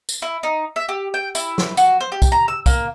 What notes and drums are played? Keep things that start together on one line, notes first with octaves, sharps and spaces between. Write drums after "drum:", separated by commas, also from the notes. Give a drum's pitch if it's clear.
drum: tambourine
E4
D#4
E5
G4
G5
E4, drum: tambourine
drum: snare
F#4, drum: tambourine
C5
G4
drum: kick, tambourine
A#5
E6
A#3, drum: kick, tambourine